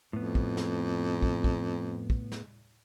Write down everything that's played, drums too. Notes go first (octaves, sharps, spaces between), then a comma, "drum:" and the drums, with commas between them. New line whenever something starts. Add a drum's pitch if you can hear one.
F2 A2 B3
drum: kick
drum: snare
drum: kick
drum: kick
drum: kick
drum: snare